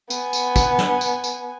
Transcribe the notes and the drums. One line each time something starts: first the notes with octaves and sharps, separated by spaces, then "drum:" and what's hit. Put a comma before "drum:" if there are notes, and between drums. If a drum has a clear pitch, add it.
B3 G#5, drum: tambourine
drum: tambourine
drum: kick, tambourine
drum: snare
drum: tambourine
drum: tambourine